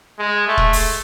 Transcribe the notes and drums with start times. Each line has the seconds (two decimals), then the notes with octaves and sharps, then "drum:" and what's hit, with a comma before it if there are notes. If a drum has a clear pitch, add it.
0.19 G#3
0.48 A3
0.57 drum: kick
0.73 drum: open hi-hat